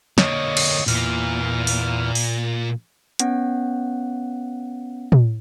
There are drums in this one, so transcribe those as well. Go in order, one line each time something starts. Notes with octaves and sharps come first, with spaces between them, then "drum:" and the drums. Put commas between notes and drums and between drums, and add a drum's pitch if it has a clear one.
D3 A#3 C#5 D#5, drum: snare
drum: cymbal
E2 A#2 F6, drum: open hi-hat
drum: open hi-hat
drum: open hi-hat
B3 C#4 F#5, drum: hi-hat
drum: tom